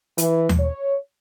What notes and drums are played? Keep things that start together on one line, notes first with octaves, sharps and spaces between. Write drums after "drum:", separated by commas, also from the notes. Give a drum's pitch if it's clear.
E3, drum: hi-hat
drum: tom D#2
C#5